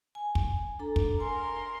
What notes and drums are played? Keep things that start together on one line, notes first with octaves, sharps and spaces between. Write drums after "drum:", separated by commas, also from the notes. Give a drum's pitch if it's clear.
G#5
drum: kick
D4 A4 A#5
drum: kick
A#4 G#5 C6